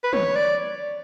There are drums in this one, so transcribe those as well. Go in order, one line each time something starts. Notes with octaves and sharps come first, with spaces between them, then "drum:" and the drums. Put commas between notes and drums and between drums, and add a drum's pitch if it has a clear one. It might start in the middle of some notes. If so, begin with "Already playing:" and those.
B4
C#5, drum: tom
D5